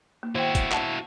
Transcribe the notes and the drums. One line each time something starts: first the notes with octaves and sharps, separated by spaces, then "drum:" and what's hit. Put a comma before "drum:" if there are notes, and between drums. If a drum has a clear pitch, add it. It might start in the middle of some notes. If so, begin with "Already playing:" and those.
A#3
D#3 E4 F#4 G5
drum: kick, hi-hat
F#5 A5, drum: clap